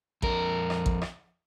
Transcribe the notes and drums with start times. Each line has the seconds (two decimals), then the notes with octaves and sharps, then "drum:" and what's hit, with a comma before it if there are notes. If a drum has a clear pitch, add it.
0.22 F2 A#4, drum: kick A1
0.70 drum: rim click
0.86 drum: kick A1
1.02 drum: rim click